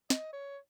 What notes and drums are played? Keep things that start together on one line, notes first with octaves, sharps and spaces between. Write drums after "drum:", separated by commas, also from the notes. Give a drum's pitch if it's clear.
D#5, drum: snare
C#5